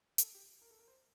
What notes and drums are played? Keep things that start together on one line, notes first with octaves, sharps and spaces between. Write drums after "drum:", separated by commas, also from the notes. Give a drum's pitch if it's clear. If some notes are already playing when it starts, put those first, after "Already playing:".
A4, drum: hi-hat
G4
A#4
A4
A#4
C5